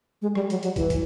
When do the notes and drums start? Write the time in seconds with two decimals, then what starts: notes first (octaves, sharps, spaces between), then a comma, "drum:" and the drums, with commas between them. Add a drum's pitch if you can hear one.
0.22 G#3
0.35 G3, drum: rim click
0.50 F#3, drum: hi-hat
0.63 F#3, drum: hi-hat
0.76 E3, drum: kick, hi-hat
0.90 drum: kick, hi-hat